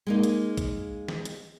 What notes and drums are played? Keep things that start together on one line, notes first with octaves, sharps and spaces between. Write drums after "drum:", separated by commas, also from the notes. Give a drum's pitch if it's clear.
G#3 A#3 D#4
drum: hi-hat
drum: kick, hi-hat
drum: snare
drum: hi-hat